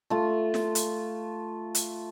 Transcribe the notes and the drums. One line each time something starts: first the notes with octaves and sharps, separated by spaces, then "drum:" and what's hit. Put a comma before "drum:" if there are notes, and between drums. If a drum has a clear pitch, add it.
A3 F4
drum: snare
drum: hi-hat
drum: hi-hat